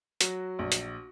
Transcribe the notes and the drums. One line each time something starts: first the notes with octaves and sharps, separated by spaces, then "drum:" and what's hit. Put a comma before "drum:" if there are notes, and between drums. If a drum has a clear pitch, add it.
F#3 F#4, drum: hi-hat
A#1
drum: hi-hat